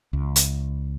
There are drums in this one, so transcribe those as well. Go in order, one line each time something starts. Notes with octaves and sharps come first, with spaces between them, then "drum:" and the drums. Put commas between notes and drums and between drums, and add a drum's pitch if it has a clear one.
C#2
drum: hi-hat